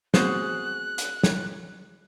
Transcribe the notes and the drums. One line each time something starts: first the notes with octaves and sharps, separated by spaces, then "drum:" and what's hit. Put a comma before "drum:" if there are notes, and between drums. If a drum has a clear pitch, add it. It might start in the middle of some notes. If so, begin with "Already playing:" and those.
A3 B3 C4 F#4 G#4 C5 F#6, drum: snare
drum: hi-hat
drum: snare